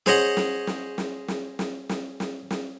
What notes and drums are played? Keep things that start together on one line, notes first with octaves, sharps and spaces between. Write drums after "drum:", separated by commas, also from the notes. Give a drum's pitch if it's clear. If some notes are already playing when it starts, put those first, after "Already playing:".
G#4 C5 C#5 D#5 F#5, drum: snare
drum: snare
drum: snare
drum: snare
drum: snare
drum: snare
drum: snare
drum: snare
drum: snare